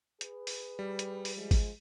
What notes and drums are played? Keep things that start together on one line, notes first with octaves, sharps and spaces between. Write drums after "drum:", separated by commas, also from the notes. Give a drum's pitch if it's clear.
G#4 B4, drum: hi-hat
drum: open hi-hat
G3
drum: hi-hat
drum: open hi-hat
F3 G#3
drum: kick G#1, open hi-hat